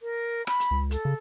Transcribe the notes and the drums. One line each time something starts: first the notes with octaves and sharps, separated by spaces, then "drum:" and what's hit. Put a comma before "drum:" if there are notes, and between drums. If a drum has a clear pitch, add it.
A#4
B5, drum: rim click
drum: hi-hat
C#2
A4, drum: hi-hat
C#3